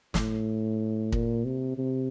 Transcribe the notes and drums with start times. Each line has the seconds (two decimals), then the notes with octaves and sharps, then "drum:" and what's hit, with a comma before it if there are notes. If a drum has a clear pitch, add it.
0.14 A2, drum: snare
1.12 A#2, drum: kick
1.45 C3
1.78 C3